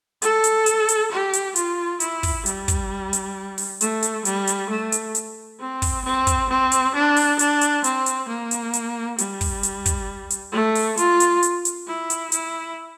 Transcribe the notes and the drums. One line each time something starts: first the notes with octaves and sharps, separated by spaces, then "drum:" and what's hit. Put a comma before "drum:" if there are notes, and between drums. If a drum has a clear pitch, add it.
A4, drum: hi-hat
drum: hi-hat
drum: hi-hat
drum: hi-hat
G4
drum: hi-hat
F4, drum: hi-hat
E4, drum: hi-hat
drum: kick, open hi-hat
G3, drum: hi-hat
drum: kick, hi-hat
drum: hi-hat
drum: open hi-hat
A3, drum: hi-hat
drum: hi-hat
G3, drum: hi-hat
drum: hi-hat
A3
drum: hi-hat
drum: hi-hat
C4
drum: kick, open hi-hat
C4
drum: kick, hi-hat
C4
drum: hi-hat
D4
drum: open hi-hat
D4, drum: hi-hat
drum: hi-hat
C4, drum: hi-hat
drum: hi-hat
A#3
drum: hi-hat
drum: hi-hat
G3, drum: hi-hat
drum: kick, open hi-hat
drum: hi-hat
drum: kick, hi-hat
drum: hi-hat
A3
drum: open hi-hat
F4, drum: hi-hat
drum: hi-hat
drum: hi-hat
drum: hi-hat
E4
drum: hi-hat
E4, drum: hi-hat